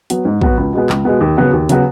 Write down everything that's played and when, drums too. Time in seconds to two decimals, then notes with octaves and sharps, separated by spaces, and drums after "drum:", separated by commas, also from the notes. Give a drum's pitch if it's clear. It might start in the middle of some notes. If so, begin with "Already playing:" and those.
0.10 F#3 B3 F#4, drum: hi-hat
0.25 G#2
0.41 F#3 B3 F#4, drum: kick
0.57 C#2
0.73 B2 G#3 B3
0.89 C#2, drum: clap
1.05 B2 G#3 B3
1.21 D#2
1.37 C#3 F#3 B3 F#4
1.53 D#2
1.69 C#3 F#3 B3 F#4, drum: hi-hat